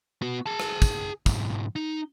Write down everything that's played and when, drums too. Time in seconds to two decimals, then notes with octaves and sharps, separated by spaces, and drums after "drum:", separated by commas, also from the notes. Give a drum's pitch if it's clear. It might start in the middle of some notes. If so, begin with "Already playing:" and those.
0.22 B3 F#4
0.46 G#4 A5
0.60 drum: rim click
0.82 drum: kick, tambourine
1.26 B1 G#2, drum: kick, tambourine
1.76 D#4